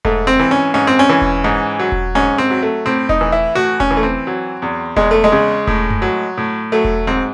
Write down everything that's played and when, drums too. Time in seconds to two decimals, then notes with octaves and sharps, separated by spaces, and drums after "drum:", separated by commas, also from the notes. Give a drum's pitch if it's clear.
0.05 G#2 A3, drum: kick E1
0.27 C4
0.39 E3
0.51 C#4
0.74 G#2 C#4
0.87 C4
0.99 C#4
1.09 E3
1.21 drum: kick E1
1.44 G#2
1.80 F#3
1.92 drum: kick E1
2.15 G#2 C#4
2.38 C4
2.50 F#3
2.63 A3
2.86 A2 C4
3.09 D#4, drum: kick E1
3.21 E3
3.32 E4
3.55 A2 F#4
3.80 C#4, drum: kick E1
3.91 E3
3.97 A3
4.03 C4
4.27 F#3
4.62 E2
4.96 E2 G#3, drum: kick E1
5.11 A3
5.24 G#3
5.32 C#3
5.67 A2, drum: kick E1
5.91 drum: tom F#2
6.02 F#3
6.38 A2
6.72 F#3 A3
6.84 drum: kick E1
7.07 G#2 C4